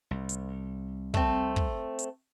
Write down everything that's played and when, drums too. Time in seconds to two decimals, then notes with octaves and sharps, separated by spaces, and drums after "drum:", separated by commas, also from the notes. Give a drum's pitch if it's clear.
0.11 C2
0.29 drum: hi-hat
1.14 A3 C4, drum: kick
1.56 drum: kick
1.99 drum: hi-hat